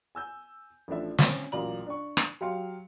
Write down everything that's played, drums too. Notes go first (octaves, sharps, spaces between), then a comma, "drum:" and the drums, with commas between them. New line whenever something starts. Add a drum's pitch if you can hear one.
G#5 E6 G6
A1 F3 A3 D4 E5
C4 C#4, drum: snare
A1 A#2 F#3 D5 A#5 F#7
D4 D5 C#6
drum: rim click
F#3 G4 F5 C6 C#7